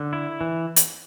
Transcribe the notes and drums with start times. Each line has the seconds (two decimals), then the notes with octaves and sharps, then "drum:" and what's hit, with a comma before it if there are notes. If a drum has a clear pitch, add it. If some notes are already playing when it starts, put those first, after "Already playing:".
Already playing: D3
0.13 E4
0.41 E3
0.76 drum: hi-hat